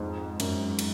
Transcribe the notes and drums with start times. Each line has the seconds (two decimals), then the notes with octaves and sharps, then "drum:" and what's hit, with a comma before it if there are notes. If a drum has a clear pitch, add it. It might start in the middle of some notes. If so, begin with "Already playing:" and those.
Already playing: F2 G#2
0.40 F#2, drum: cymbal
0.79 drum: cymbal